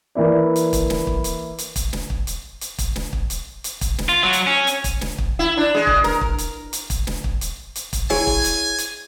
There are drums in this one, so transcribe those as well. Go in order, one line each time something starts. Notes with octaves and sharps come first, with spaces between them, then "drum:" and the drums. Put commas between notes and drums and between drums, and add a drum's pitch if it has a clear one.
E3 A#3 E4 D5
drum: hi-hat
drum: kick, hi-hat
drum: snare
drum: kick
drum: hi-hat
drum: hi-hat
drum: kick, hi-hat
drum: snare
drum: kick
drum: hi-hat
drum: hi-hat
drum: kick, hi-hat
drum: snare
drum: kick
drum: hi-hat
drum: hi-hat
drum: kick, hi-hat
drum: snare
F4
F#3
drum: hi-hat
C#4
drum: hi-hat
drum: kick, hi-hat
drum: snare
drum: kick
E4
D4
G#3
drum: kick
A#4, drum: snare
drum: kick
drum: hi-hat
drum: hi-hat
drum: kick, hi-hat
drum: snare
drum: kick
drum: hi-hat
drum: hi-hat
drum: kick, hi-hat
E4 G#4 C#5 G#5, drum: snare
drum: kick
drum: hi-hat
drum: hi-hat